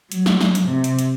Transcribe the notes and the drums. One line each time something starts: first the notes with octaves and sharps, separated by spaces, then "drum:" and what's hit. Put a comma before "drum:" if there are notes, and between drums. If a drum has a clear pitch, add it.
F#3, drum: hi-hat
drum: snare
drum: snare
drum: hi-hat
C3
drum: hi-hat
drum: hi-hat